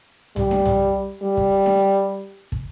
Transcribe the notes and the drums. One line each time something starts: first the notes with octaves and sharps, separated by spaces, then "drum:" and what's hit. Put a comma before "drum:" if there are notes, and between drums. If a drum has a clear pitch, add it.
G3, drum: tom B1
drum: snare D4
drum: tom B1
G3
drum: kick
drum: snare D4
drum: kick